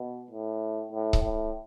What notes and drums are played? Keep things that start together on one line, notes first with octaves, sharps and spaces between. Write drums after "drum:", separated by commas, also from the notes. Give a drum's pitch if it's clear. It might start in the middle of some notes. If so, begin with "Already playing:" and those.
Already playing: B2
A2
A2
drum: kick C#1
A2